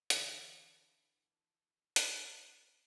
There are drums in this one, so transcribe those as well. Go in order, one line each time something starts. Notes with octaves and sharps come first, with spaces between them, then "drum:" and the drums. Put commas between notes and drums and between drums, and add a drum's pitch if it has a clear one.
D3 E3, drum: hi-hat
drum: hi-hat